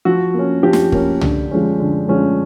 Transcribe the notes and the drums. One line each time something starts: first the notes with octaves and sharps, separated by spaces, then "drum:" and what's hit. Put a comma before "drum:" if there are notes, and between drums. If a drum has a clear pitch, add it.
F3 F#4
A#3 C#4
F3 G4
drum: snare
A#3 C#4, drum: kick
D3, drum: tom
F3 G#3 C#4
D3
F3 G#3 C#4